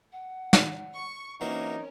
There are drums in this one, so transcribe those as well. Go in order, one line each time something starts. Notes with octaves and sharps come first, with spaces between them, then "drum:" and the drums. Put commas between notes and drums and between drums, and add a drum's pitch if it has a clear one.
F#5
drum: snare
C#6
E3 F#3 A#3 C4 C#4 D#4 A#4 C#5